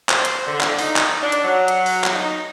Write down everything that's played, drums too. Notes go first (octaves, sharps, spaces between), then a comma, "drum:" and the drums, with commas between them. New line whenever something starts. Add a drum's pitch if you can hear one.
C5, drum: clap
drum: hi-hat
D3
drum: clap
D#4, drum: open hi-hat
drum: clap
D4
drum: hi-hat
F#3
drum: hi-hat
drum: open hi-hat
drum: clap
D#4